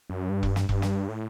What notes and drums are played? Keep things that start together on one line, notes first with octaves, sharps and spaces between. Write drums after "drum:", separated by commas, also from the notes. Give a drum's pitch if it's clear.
F#2
G2
drum: kick E1
drum: snare
G2, drum: kick E1
drum: snare
A2